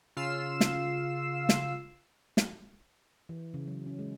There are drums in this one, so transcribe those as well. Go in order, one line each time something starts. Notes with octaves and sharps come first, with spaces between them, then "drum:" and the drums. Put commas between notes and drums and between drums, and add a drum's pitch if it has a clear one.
C#3 F4 F5 E6 C7 E7
drum: snare
drum: snare
drum: snare
E3
C#3
F#3
C#4
G#3